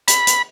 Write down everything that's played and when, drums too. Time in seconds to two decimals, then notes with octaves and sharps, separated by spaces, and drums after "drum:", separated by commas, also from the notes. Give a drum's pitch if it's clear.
0.08 B5, drum: hi-hat
0.27 drum: hi-hat